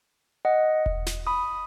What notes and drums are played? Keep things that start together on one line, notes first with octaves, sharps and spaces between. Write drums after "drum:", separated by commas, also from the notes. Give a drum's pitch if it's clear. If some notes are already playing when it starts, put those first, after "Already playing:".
D#5 F#5
drum: kick E1
drum: snare
B5 D#6